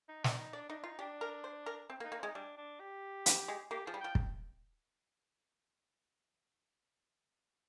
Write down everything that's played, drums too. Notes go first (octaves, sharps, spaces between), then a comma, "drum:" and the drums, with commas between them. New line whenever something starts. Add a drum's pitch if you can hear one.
D#4
D4, drum: snare
D#4
D4 D5
D4 D#4
D#4 F4
D4 G4
A#4
C5
A#4
C4
A#3
D#4
A#3
G#3 C4
D#4
G3 D4
D4
G4
G3, drum: hi-hat
G#3
A#3 G4
F3 G#4
G3
F3 G5
drum: kick